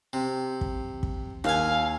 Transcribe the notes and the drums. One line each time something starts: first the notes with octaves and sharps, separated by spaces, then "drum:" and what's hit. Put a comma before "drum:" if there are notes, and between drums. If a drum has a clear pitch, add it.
C3
drum: kick
drum: kick
D#2 F5 G#5, drum: rim click